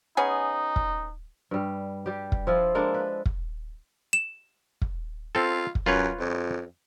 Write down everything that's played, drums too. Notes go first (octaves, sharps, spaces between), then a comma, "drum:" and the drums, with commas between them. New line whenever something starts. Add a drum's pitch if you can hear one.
B3 C#4 D#4 G#4
drum: kick
G2 G3
G3 G4
drum: kick
F3 E4 F4
G#3 A#3 D4 A4
B4
drum: kick
E7
drum: kick
C4 F4 A4
drum: kick
F#2 F4 B4 C#5
F2